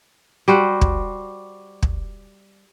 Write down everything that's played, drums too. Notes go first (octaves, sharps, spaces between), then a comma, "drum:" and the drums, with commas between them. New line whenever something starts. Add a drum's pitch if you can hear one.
G3 F#4 C5
drum: kick
drum: kick